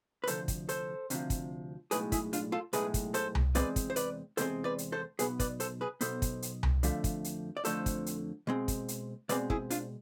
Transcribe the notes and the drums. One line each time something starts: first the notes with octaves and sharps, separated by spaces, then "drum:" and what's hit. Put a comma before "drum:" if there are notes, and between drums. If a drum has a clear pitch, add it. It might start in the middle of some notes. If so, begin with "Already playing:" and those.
B4
D2 C3 F3 A4 C5, drum: hi-hat
drum: kick, hi-hat
A4 C5, drum: hi-hat
D2 C3 F3, drum: hi-hat
drum: kick, hi-hat
B1 A2 G#3 G#4 B4, drum: hi-hat
E4 G#4, drum: kick, hi-hat
D4 F4, drum: hi-hat
F4 A4
B1 A2 G#3 G#4 B4, drum: hi-hat
drum: kick, hi-hat
A4 C5, drum: hi-hat
drum: tom C2
E2 C3 G#3 C4 B4 D5, drum: hi-hat
drum: kick, hi-hat
C5
B4 D5, drum: hi-hat
E2 C3 G#3 C4 A4 C5, drum: hi-hat
B4 D5
drum: hi-hat
A4 C5
B1 B2 B3 G#4 B4, drum: hi-hat
B4 D5, drum: kick, hi-hat
A4 C5, drum: hi-hat
G#4 B4
B1 B2 B3 A4 C5, drum: hi-hat
drum: kick, hi-hat
drum: hi-hat
drum: tom C2
F2 D3 F3 A3, drum: hi-hat
drum: kick, hi-hat
drum: hi-hat
D5
F2 D3 F3 A3 A4 C5, drum: hi-hat
drum: kick, hi-hat
drum: hi-hat
B2 G#3 C4
drum: kick, hi-hat
drum: hi-hat
B2 G#3 C4 B4 D5, drum: hi-hat
E4 G#4, drum: kick
D4 F4, drum: hi-hat